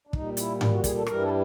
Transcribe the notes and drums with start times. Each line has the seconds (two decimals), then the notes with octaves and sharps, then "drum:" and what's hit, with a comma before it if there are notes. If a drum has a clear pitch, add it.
0.07 D4
0.13 A#2 G3 D#4, drum: kick
0.37 E4, drum: hi-hat
0.61 E4, drum: tom G#2
0.72 F#4
0.84 G#4, drum: kick, hi-hat
0.95 A4
1.06 G2 E3 G3 A#4, drum: rim click
1.22 A4